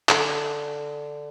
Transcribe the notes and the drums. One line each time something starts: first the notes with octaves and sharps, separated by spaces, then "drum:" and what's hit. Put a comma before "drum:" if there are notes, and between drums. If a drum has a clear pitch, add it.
D3, drum: clap